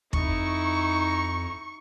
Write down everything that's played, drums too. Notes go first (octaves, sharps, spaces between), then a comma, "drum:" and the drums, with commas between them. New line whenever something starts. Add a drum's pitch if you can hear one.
F2 D#4 E4 C#6, drum: kick